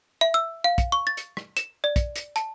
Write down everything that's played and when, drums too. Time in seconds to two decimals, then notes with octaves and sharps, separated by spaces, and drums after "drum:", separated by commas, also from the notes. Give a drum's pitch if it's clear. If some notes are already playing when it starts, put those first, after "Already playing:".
0.21 E5
0.34 E6
0.64 F5
0.78 drum: kick, hi-hat
0.92 C#6
1.07 A6
1.17 drum: hi-hat
1.37 drum: rim click
1.57 E7, drum: hi-hat
1.84 D5
1.96 drum: kick, hi-hat
2.16 drum: hi-hat
2.36 A5, drum: hi-hat